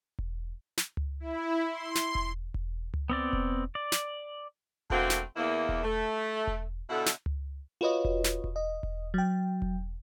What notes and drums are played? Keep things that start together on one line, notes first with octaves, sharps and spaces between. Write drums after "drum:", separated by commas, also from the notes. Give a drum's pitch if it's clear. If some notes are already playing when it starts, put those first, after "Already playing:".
drum: kick E1
drum: snare
drum: tom C#2
E4
C6
drum: snare
drum: kick E1
drum: kick E1
drum: tom C#2
B3 C4 D5
drum: kick E1
D5
drum: snare
D3 A3 A#3 C4 F#4, drum: kick E1
drum: snare
E2 A#3 E4
drum: kick E1
A3
drum: kick E1
B2 D3 E4 A4 E5 F#5
drum: snare
drum: tom C#2
F4 F#4 B4 C#5 D#5
drum: kick E1
drum: snare
drum: kick E1
D#5
drum: kick E1
F#3 G5
drum: kick E1